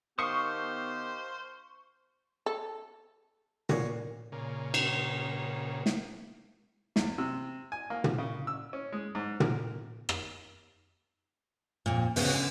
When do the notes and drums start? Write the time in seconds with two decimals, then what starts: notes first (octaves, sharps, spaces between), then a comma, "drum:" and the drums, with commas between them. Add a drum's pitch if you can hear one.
0.19 D#3 B3 G4 C5 F5 A5 C#6 D#6
2.46 A4
3.69 A#2 C#5 A#5, drum: tom
4.32 A#2 C#3
4.74 drum: cymbal
5.86 drum: snare
6.96 E2, drum: snare
7.18 C3
7.72 G#5
7.90 A#3
8.04 drum: tom
8.18 C#3
8.47 E6
8.73 C#4
8.92 G#3
9.15 G#2
9.40 A#4, drum: tom
10.09 drum: rim click
11.86 F2 A#2
12.16 D2 C#3 B3 F#4 G#4, drum: open hi-hat
12.34 D3 G#5